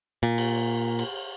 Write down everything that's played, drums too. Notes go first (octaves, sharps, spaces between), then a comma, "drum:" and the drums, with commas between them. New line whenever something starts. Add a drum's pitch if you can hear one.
A#2
drum: cymbal
drum: cymbal